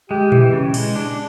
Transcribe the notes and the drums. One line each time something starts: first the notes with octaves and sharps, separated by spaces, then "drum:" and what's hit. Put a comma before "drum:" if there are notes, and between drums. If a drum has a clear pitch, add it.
G#3 G4
E3, drum: tom A#2
C#3
G#3, drum: cymbal
D4